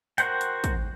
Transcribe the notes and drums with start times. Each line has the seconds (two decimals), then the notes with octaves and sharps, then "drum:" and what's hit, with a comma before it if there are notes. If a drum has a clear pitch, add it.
0.18 F#4 A#4 C5 F#5 G5, drum: hi-hat
0.41 drum: hi-hat
0.64 drum: kick, hi-hat